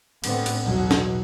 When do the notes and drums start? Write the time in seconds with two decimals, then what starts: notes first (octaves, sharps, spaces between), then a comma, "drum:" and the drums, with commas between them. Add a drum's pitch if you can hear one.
0.24 A2 D3 A3 B3 C4, drum: cymbal
0.46 drum: cymbal
0.64 B1 E2 B2 F#3
0.91 drum: snare